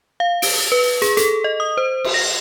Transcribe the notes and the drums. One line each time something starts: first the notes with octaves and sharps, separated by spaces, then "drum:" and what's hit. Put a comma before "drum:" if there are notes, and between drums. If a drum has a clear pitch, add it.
F5
D7, drum: open hi-hat
B4
G#4, drum: hi-hat
A4, drum: hi-hat
D#5
D#6
C5
drum: cymbal
A#6